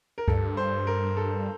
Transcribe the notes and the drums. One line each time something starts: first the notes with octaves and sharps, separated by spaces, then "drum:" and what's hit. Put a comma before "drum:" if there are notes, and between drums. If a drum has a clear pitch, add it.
A#4
G2 A4, drum: kick C#2
C5
A#4
A4